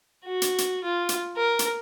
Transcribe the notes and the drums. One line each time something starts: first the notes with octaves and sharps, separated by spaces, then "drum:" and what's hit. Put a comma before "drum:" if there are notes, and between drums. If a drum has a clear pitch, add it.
F#4
drum: hi-hat
drum: hi-hat
F4
drum: hi-hat
A#4
drum: hi-hat